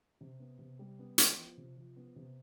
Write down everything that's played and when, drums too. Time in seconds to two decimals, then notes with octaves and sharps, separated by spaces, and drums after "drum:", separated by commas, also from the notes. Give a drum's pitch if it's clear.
0.21 C3
0.40 B3
0.59 C3
0.79 G3
0.99 B3
1.18 B3, drum: hi-hat
1.37 F3
1.57 C3
1.77 F3
1.97 B3
2.16 C3